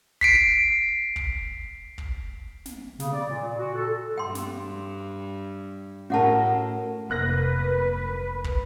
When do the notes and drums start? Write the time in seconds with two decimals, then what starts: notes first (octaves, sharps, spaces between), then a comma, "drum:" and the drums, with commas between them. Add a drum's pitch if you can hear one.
0.21 B6 C7 D7, drum: kick
1.16 drum: kick
1.98 drum: kick
2.66 drum: snare
3.00 C#3, drum: snare
3.13 D5
3.29 A#2
3.57 F#4
3.75 A4
4.18 G2 G5 C6
4.35 drum: snare
6.10 A2 C#4 F#4 A#4 F#5 A5
7.10 F1 A#3 D#4 B4 F#6 A#6
8.44 drum: kick